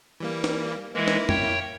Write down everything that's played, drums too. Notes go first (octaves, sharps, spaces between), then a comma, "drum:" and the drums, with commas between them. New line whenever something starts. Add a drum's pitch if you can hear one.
E3 G3 A#3
drum: snare
E3 G#3 A#3 E4
drum: snare
C#5 G5, drum: tom